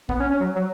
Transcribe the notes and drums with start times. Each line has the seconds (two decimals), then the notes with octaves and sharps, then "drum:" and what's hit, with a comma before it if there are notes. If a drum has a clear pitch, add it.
0.09 B3, drum: kick
0.20 C#4
0.30 C#4
0.41 F#3
0.56 F#3